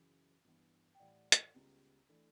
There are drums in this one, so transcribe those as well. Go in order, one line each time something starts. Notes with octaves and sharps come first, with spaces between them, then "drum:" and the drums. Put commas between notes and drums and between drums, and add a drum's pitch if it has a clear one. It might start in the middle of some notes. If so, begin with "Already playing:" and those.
Already playing: F#2 C#3 E3
G2 E3 B3
G5
A2 E3 G3 D5 F#5
drum: hi-hat
C#2 C#3 G3 B3
E3 A3 D4